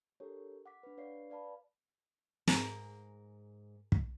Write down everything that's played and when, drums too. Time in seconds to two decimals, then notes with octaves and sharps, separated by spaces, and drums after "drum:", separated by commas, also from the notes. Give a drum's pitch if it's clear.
0.20 D4 G4 A4 A#4 C#5
0.66 F#5 D6 B6
0.83 D4 B4
0.97 D4 B4 C#5 D5 F5 C7
1.30 B4 D5 F5 A5 B5
2.47 G#2 G#4 A#4, drum: snare
3.92 drum: kick